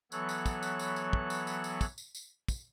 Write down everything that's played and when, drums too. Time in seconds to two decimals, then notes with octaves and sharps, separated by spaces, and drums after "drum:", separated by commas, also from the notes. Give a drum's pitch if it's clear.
0.12 E3 F#3 B3 A4 C#5 F#6, drum: tambourine
0.29 drum: tambourine
0.46 drum: kick, tambourine
0.63 drum: tambourine
0.79 drum: tambourine
0.96 drum: tambourine
1.13 drum: kick
1.30 drum: tambourine
1.47 drum: tambourine
1.64 drum: tambourine
1.81 drum: kick, tambourine
1.98 drum: tambourine
2.15 drum: tambourine
2.48 drum: kick, tambourine